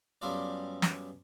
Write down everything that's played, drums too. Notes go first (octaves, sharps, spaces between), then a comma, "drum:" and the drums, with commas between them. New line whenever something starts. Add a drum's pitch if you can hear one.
F#2 G3 B3 F4 A4 D5
drum: snare